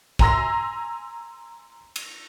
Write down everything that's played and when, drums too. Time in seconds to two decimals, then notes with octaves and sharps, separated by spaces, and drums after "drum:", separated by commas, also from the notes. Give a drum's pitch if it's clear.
0.19 G#5 A#5 C6 E6 A#6, drum: kick
1.96 drum: cymbal